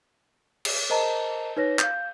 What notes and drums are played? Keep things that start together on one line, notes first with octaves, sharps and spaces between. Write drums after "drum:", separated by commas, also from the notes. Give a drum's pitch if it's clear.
drum: cymbal
A#4 C5 D#5 A5 A#5
D#4 B4 C#5 A#6
F5 G6, drum: clap